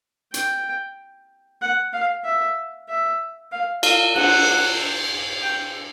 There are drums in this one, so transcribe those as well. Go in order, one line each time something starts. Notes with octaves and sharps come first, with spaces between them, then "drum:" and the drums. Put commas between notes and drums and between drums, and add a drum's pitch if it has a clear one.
G5, drum: hi-hat
F#5
F5
E5
E5
F5
F5, drum: cymbal
F#5, drum: cymbal
G5